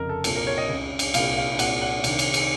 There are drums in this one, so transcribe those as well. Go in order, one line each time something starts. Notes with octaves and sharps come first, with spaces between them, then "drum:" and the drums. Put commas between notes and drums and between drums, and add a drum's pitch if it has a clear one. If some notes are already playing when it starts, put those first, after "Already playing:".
Already playing: F1 F2 C#3 A#4
A4
C2 A#2 A4, drum: cymbal
A#4
C#5
D#5
C#2 C#3
drum: cymbal
C2 A#2 F5, drum: cymbal
F5
C2 A#2 F#5, drum: cymbal
F#5
C2 C3 D#3, drum: cymbal
drum: cymbal
drum: cymbal